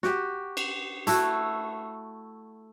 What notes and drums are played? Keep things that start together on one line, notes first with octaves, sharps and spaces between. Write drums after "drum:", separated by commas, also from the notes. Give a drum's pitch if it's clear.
F#4 G4, drum: snare
drum: cymbal
A3 E4 F#4, drum: hi-hat